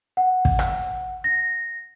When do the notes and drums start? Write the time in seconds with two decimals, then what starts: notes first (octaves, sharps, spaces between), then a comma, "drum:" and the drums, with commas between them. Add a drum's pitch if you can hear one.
0.17 F#5
0.45 drum: kick
0.59 drum: rim click
1.24 A#6